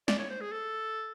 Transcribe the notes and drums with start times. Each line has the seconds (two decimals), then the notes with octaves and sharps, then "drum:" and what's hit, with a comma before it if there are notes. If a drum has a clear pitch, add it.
0.08 D5, drum: snare
0.19 C#5
0.30 C5
0.41 G#4
0.52 A4